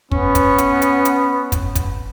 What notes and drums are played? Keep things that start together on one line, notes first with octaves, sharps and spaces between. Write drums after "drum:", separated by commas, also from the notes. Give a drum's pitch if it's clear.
B3 C#4, drum: kick
drum: kick, hi-hat
drum: hi-hat
drum: hi-hat
drum: hi-hat
drum: kick, hi-hat
drum: kick, hi-hat